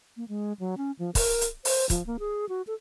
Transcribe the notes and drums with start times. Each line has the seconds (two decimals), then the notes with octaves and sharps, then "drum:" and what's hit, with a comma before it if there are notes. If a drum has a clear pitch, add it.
0.17 A#3
0.28 G#3
0.60 F#3
0.77 C#4
0.99 F3
1.15 A#4, drum: kick, open hi-hat
1.41 drum: hi-hat
1.65 C5, drum: open hi-hat
1.90 F3, drum: kick, hi-hat
2.07 A#3
2.19 G#4
2.49 F#4
2.67 A4